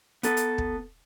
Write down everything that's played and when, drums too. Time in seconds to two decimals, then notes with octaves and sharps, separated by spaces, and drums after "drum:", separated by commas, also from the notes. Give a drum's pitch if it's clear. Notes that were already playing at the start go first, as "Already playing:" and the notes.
0.23 B3 A4, drum: hi-hat
0.37 drum: hi-hat
0.58 drum: kick